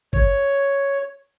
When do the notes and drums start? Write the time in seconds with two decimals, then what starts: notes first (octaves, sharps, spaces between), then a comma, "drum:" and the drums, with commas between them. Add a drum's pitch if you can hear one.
0.13 C#5, drum: kick